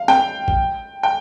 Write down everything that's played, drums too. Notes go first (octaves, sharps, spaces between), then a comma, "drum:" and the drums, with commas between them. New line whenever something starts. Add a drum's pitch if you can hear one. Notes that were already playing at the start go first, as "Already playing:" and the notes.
Already playing: F5
G5, drum: snare
drum: kick
G5